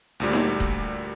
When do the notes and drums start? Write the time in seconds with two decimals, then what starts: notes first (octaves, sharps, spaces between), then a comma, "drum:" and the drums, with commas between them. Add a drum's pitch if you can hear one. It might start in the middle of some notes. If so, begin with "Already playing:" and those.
0.20 D2 A#2 G3
0.33 drum: snare D#4
0.60 drum: kick D#1